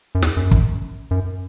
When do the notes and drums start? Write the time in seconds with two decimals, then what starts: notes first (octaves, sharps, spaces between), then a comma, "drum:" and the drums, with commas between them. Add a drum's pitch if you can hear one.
0.15 F#2
0.22 E2, drum: snare
0.37 F#2
0.52 drum: kick
1.11 F#2